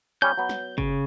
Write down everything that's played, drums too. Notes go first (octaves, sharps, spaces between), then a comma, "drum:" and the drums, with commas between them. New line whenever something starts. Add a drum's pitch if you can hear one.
G3 C#4 G6
F#3 B3
drum: snare
C#3, drum: kick